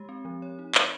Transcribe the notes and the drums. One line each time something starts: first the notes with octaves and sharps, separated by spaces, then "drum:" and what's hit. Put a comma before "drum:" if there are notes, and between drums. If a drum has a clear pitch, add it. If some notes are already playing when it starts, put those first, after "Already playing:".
Already playing: G#3 G4
C4
F3
C#5
D#4
A#4, drum: clap